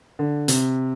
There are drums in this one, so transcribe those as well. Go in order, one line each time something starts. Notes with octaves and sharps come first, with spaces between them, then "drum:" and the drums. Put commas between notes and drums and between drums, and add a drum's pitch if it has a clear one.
D3
C3, drum: hi-hat